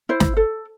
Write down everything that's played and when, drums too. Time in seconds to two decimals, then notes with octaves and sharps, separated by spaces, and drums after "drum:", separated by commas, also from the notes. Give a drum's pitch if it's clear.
0.09 E4 C5
0.20 drum: snare
0.37 A4